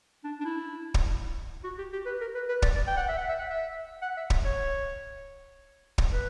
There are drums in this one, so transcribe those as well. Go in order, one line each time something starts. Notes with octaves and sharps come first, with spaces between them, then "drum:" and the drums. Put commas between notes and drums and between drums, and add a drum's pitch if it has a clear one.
D4
D4
E4
drum: kick
F#4
G4
G4
B4
A#4
B4
B4
D5, drum: kick
D5
G5
F#5
E5
F#5
E5
F#5
E5
F#5
E5
drum: kick
C#5
drum: kick
B4